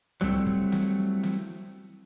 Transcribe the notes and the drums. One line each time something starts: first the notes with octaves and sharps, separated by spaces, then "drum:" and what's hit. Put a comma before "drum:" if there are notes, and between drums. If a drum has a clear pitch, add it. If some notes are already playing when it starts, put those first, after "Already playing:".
F#3 G3 A3 C4 E4, drum: tom B1
drum: kick
drum: snare
drum: snare